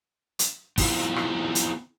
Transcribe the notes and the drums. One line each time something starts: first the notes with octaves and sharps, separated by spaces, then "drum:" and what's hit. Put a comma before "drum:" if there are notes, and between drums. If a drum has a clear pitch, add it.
drum: hi-hat
B3 C4 E4 F4, drum: kick, open hi-hat
drum: rim click
drum: hi-hat